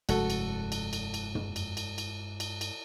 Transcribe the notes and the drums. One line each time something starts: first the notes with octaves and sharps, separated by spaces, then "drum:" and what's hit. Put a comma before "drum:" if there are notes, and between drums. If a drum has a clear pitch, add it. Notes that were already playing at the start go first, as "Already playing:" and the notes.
F1 G2 G#3 F#4 A4, drum: cymbal
drum: cymbal
drum: cymbal
drum: cymbal
drum: cymbal
drum: tom
drum: cymbal
drum: cymbal
drum: cymbal
drum: cymbal
drum: cymbal